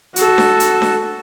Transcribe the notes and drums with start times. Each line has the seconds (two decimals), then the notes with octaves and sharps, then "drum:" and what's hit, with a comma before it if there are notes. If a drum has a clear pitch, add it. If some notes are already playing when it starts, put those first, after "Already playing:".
0.16 F#4 A4, drum: hi-hat
0.38 drum: snare D4
0.60 drum: hi-hat
0.82 drum: snare D4